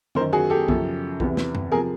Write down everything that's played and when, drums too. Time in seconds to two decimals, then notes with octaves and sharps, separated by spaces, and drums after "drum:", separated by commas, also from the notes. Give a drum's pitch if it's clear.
0.15 F#2 A#4 C5, drum: tom D3
0.20 D#3
0.33 F#4 G#4
0.50 G4 A4
0.68 F#2 C#3 F3, drum: kick B1
1.20 E2 C3 E3, drum: kick B1
1.37 drum: snare
1.55 drum: tom F#2
1.72 C3 F3 G#4 A#4